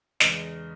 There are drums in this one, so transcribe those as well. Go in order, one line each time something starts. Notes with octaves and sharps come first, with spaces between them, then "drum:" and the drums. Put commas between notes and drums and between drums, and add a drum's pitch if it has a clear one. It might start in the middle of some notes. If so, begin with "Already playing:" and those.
E2 C#3 G#3 D#5, drum: snare